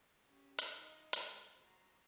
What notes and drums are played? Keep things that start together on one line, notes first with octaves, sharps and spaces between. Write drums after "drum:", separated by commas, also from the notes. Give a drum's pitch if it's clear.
C#4 G4
drum: hi-hat
D#4 F4
G#3 A4 C5 A#5 B5 A6, drum: hi-hat
F#4 A#5 C6